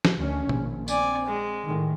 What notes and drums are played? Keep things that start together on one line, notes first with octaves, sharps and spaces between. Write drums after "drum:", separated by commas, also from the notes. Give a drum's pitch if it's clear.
drum: snare
D2 D#3 C#4
A#1, drum: tom B2
C4 D5 G#5, drum: tambourine
G#3
A2 D#3